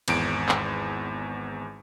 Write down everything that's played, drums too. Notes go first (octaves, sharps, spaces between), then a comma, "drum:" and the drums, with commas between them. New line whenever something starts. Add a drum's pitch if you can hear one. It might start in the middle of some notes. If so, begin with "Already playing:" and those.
G#1 E2 D7, drum: cymbal
drum: clap